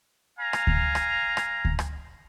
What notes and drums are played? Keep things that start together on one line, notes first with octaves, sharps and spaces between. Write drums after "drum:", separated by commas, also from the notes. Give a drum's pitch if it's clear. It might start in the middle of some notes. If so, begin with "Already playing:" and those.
F5 G#5 A#5
drum: rim click
drum: kick D2
drum: rim click
drum: rim click
drum: kick D2
drum: rim click